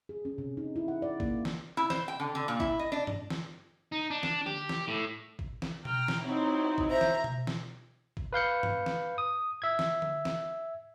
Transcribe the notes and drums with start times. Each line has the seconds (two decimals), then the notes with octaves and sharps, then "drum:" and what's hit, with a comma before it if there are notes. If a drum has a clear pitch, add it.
0.09 G#4
0.25 C#4
0.38 C3
0.57 D#4
0.76 E4
0.88 F#5
1.02 D5
1.20 A#3, drum: kick
1.45 drum: snare
1.77 E4
1.90 C5, drum: snare
2.08 G5
2.20 D3
2.35 D3
2.48 A#2
2.60 E4, drum: kick
2.79 D#5
2.92 D4
3.07 drum: tom G2
3.30 drum: snare
3.92 D#4
4.10 D4
4.23 drum: snare
4.46 G4, drum: tom D3
4.69 drum: snare
4.88 A2
5.39 drum: kick
5.62 drum: snare
5.85 G5 A#5 F6, drum: tom B2
6.08 drum: snare
6.23 F#3 C4 D#4 E4
6.78 drum: kick
6.90 C5 E5 A#5
7.01 drum: snare
7.24 drum: tom B2
7.47 drum: snare
8.17 drum: kick
8.33 B4 F5 G6 C#7
8.63 drum: tom G2
8.86 drum: snare
9.18 D#6
9.62 E5 G#6
9.79 drum: snare
10.02 drum: tom D3
10.25 drum: snare